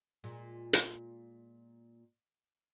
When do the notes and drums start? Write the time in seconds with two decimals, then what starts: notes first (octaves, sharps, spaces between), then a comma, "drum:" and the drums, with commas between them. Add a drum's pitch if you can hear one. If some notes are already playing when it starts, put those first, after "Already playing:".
0.24 A#2 G#3
0.73 drum: hi-hat